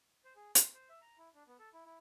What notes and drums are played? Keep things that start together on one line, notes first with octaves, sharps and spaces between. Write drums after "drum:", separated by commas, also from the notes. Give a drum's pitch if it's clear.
C5
G#4
C6, drum: hi-hat
C5
E5
A#5
E4
D4
B3
A4
E4
E4